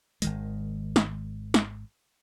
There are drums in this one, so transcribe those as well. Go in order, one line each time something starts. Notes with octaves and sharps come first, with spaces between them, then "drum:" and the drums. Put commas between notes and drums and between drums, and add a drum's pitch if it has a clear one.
G#1 D#3 G#3, drum: hi-hat
drum: snare
drum: snare